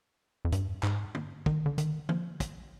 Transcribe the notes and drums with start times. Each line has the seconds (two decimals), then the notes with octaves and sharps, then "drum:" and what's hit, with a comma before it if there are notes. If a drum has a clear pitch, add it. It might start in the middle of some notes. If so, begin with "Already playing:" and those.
0.45 F2
0.52 G2, drum: hi-hat
0.83 G#2, drum: clap
1.15 drum: tom D3
1.46 D#3, drum: kick
1.66 D3
1.78 D#3, drum: hi-hat
2.09 F3, drum: tom D3
2.40 drum: kick, hi-hat